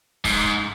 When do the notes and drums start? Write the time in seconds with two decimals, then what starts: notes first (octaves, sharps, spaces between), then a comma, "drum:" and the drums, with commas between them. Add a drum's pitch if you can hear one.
0.24 G#2, drum: kick, open hi-hat